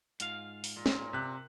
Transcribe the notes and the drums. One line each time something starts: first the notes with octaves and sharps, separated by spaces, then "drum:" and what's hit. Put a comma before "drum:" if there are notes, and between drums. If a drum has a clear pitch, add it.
G#2 F4 F5, drum: hi-hat
drum: open hi-hat
A#2
drum: snare
C3 F#6